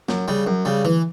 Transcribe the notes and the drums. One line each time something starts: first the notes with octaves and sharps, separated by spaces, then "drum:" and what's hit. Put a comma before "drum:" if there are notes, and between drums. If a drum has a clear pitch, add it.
F#2, drum: snare
C#3 G3
F#2
C#3 G3
E3, drum: tom D3